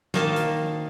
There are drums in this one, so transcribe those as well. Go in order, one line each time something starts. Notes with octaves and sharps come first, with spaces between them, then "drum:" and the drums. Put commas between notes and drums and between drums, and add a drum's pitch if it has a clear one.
D#3 A#3 A5, drum: snare
drum: hi-hat